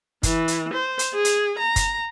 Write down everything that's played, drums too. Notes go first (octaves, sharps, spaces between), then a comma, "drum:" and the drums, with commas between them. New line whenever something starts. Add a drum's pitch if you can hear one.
E3, drum: kick, hi-hat
drum: hi-hat
C5
drum: hi-hat
G#4
drum: hi-hat
A#5
drum: kick, hi-hat